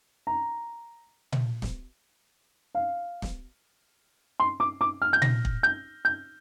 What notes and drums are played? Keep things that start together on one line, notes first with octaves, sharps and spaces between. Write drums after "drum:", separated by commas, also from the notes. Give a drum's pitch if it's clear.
A#5
drum: tom A#2
drum: snare
F5
drum: snare
C6
D6
D6
F6
G6
A#6, drum: tom A#2
drum: kick
G6
G6